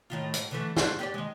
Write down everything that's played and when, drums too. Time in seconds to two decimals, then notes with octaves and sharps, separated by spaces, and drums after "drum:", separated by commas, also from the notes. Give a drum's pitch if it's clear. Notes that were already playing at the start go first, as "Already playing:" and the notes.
0.10 A2 D#3 F4
0.34 G#2, drum: hi-hat
0.51 D3 E3 A3
0.77 C4 F#4 A4, drum: snare
0.99 G4 G#4 D5
1.14 D#3 G#3